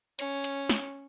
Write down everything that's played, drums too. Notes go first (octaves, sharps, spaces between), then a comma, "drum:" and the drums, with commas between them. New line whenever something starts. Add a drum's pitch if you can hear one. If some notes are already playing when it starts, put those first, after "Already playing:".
C#4, drum: hi-hat
drum: hi-hat
drum: snare